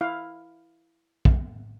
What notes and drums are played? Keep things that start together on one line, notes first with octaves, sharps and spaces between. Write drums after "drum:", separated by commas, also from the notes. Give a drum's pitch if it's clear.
E4 F5
drum: kick